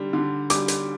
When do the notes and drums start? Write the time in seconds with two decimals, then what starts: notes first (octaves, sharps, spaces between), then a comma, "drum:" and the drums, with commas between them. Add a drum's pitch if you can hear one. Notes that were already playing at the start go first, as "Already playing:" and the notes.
Already playing: D3 G3
0.13 D3
0.50 G3 D6, drum: hi-hat
0.68 drum: hi-hat